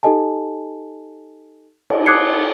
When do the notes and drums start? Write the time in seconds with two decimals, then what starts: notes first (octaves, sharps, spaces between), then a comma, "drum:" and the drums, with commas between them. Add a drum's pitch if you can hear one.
0.03 D#4 G4 A4 D#5 G#5 A5
1.90 drum: cymbal
2.06 D6 D#6 F#6 G#6 C7 C#7